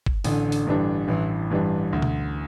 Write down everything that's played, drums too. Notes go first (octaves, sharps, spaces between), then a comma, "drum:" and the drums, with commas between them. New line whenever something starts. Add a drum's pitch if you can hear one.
drum: kick G1
A1 D3, drum: open hi-hat
drum: open hi-hat
G2 E3 G3 D4
A1 E3
G2 E3 G3 D4
D2
drum: tom B2